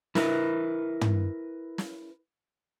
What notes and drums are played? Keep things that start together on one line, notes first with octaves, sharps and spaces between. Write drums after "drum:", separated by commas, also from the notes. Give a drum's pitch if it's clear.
E4 A#4 B4, drum: snare
drum: tom
drum: snare